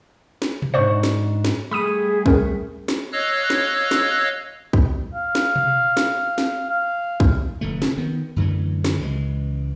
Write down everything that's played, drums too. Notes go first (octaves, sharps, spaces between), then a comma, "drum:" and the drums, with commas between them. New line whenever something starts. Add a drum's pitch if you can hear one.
drum: snare
drum: tom B2
G#2 D4 C5 D5 F#5 C#6
drum: snare
drum: snare
G3 A3 G#4 B5 D#6 D#7
C#4 A#4, drum: kick
drum: snare
C#5 D#5 F5 E6 F#6
drum: snare
drum: snare
drum: kick
F5
drum: snare
drum: tom B2
drum: snare
drum: snare
F5
drum: kick
F1 D3 A3
drum: snare
D#3 B3
F#2 D3 E3 A3
drum: snare
C#2 C#3 E3 G#3